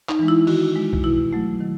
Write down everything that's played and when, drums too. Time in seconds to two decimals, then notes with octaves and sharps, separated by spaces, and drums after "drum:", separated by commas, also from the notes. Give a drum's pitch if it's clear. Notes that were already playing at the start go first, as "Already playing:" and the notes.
0.09 D#4, drum: clap
0.19 E3 G#3
0.28 E4
0.47 D#3 F#4, drum: cymbal
0.76 G#3
0.93 drum: kick B1
1.04 B2 E4
1.33 F#3 A3
1.61 D#3